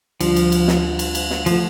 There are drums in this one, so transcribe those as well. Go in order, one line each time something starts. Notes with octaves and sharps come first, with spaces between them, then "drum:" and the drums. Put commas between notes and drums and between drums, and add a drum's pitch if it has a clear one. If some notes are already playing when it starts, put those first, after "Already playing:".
D2 D3 F3 G3 D4 F4, drum: cymbal
drum: cymbal
drum: cymbal
drum: snare
drum: cymbal
drum: cymbal
drum: snare
E3 F3 A3, drum: cymbal